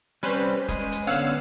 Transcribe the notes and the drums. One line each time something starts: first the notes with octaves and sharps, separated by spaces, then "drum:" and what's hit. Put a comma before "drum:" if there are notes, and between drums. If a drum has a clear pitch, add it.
G3 C4 C#4 B4 C5
G#3 G#4, drum: kick, hi-hat
drum: hi-hat
D3 B3 C#4 F5 F#5 E6